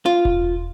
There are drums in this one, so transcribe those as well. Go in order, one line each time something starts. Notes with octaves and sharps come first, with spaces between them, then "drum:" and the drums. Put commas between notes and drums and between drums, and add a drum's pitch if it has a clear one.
F4
drum: kick E1